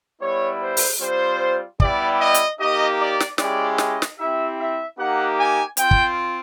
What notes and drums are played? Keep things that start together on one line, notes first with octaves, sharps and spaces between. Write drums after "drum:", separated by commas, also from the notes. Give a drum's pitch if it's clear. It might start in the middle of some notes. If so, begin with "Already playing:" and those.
G3 B3 E4 C#5
C5
drum: open hi-hat
G3 C4 F4 C5
G3 B3 E4 G4 D5, drum: kick
D#5
drum: hi-hat
A#3 D#4 G4 D#5
D5
drum: snare
G#3 C#4 E4 G4 D5, drum: snare
D#5, drum: snare
drum: snare
C4 E4 G4 E5
E5
A#3 D#4 G4 F#5
G#5
C4 F4 G5, drum: hi-hat
drum: kick